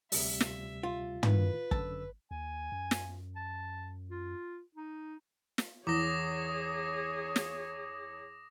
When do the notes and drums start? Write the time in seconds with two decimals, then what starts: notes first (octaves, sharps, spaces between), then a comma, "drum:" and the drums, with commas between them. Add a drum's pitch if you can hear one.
0.12 D2 C3 G3 E5, drum: open hi-hat
0.41 drum: snare
0.83 F4
1.23 A2 D#3 B4, drum: tom
1.71 F#2 D3 A5 E6, drum: kick
2.31 D#2 G#5
2.72 F#2
2.91 drum: snare
3.36 A5
4.10 F4
4.75 D#4
5.58 drum: snare
5.87 E2 G#4 C#5 D6 D#6 A#6
7.36 drum: snare